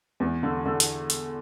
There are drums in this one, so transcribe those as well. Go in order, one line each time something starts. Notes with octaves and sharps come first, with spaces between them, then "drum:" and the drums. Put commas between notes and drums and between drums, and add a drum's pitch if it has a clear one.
E2
D3
D3
drum: hi-hat
drum: hi-hat